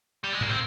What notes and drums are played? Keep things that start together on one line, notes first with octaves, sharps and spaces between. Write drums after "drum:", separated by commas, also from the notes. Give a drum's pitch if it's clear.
G3
G#3
A#3, drum: tom G#2
C4